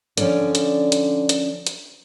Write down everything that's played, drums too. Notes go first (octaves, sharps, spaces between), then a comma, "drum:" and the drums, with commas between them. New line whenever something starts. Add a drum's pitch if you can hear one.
D3 F3 C#4 D5, drum: hi-hat
drum: hi-hat
drum: hi-hat
drum: hi-hat
drum: hi-hat